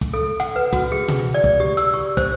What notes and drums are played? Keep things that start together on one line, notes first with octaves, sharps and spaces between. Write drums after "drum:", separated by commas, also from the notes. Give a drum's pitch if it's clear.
drum: kick, hi-hat
A4
F#5, drum: hi-hat
B4
F#4, drum: kick, hi-hat
G#4
drum: tom B2
D5
drum: kick
G4
E6, drum: hi-hat
C#6
C5, drum: kick, hi-hat